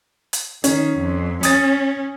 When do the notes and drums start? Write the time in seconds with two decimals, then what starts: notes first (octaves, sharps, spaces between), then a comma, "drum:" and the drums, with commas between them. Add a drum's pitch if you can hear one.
0.33 drum: hi-hat
0.64 D#3 C#4, drum: hi-hat
0.98 F2
1.43 C#4 D#6 A6, drum: hi-hat